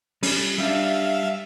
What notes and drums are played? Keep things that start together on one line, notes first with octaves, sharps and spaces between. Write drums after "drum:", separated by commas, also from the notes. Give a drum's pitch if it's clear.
G3 C#4, drum: open hi-hat
G3 D4 E5 F5